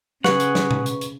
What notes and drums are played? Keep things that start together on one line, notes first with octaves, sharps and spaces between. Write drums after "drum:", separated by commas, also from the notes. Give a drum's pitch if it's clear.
C#3 G#4 B4 F#5 C#6, drum: snare
drum: hi-hat
drum: snare
drum: tom B2
drum: hi-hat
drum: hi-hat